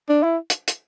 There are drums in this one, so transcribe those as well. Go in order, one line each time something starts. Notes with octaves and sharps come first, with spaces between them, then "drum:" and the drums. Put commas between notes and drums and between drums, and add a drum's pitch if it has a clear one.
D4
E4
drum: hi-hat
drum: hi-hat